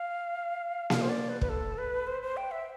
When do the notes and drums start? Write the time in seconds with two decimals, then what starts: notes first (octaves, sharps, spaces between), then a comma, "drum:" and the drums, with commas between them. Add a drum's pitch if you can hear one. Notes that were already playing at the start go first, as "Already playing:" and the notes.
Already playing: F5
0.90 F5, drum: snare A#3
1.02 C5
1.09 D5
1.29 B4
1.41 B4, drum: kick
1.49 A4
1.78 B4
2.07 C5
2.22 C5
2.37 G5
2.51 E5